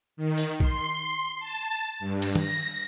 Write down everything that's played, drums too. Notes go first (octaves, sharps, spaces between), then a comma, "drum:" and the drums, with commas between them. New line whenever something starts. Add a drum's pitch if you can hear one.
D#3
drum: open hi-hat
C6, drum: kick A#1
A5
G2
drum: cymbal
A#6, drum: tom D#3